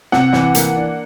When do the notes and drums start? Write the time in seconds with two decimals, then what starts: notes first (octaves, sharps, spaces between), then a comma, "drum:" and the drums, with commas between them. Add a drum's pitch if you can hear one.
0.12 C3 F#5, drum: snare
0.33 E3, drum: snare
0.55 A#3, drum: hi-hat
0.76 D4